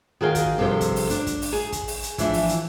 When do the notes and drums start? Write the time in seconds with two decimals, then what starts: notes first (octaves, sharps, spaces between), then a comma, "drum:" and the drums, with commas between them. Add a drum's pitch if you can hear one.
0.21 D#3 F#4 G#4 A#4 F5 G5
0.35 drum: kick, hi-hat
0.58 G2 C3 F3 G4 A4 C5
0.81 drum: kick, hi-hat
0.96 drum: open hi-hat
1.10 D4, drum: hi-hat
1.27 drum: kick, hi-hat
1.42 drum: open hi-hat
1.53 G#4
1.72 drum: kick, hi-hat
1.88 drum: open hi-hat
2.03 drum: hi-hat
2.18 E3 F3 D4 E4, drum: kick, hi-hat
2.34 drum: open hi-hat
2.49 drum: hi-hat